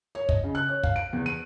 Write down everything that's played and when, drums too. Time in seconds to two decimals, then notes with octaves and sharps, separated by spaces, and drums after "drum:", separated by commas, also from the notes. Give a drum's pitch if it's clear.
0.15 C#5
0.29 D#5, drum: kick
0.44 C#3
0.55 F#6
0.68 C#5
0.83 F5, drum: kick
0.96 D7
1.13 E2
1.26 D#7